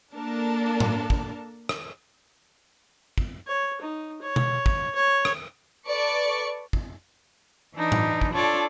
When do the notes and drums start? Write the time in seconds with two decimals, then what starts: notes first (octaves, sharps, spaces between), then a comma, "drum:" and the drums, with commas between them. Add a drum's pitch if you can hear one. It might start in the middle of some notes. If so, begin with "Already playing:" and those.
0.13 A#3 D4 A4 A#4 A5
0.80 drum: tom A2
1.10 drum: kick
1.69 drum: rim click
3.18 drum: kick
3.47 C#5
3.82 D#4
4.22 C#5
4.36 drum: tom B2
4.66 drum: kick
4.95 C#5
5.25 drum: rim click
5.87 A4 B4 D5 C#6 C#7
6.73 drum: kick
7.75 E3 D4 D#4
7.92 drum: tom A2
8.21 drum: kick
8.33 D4 F4 A4 C#5 D5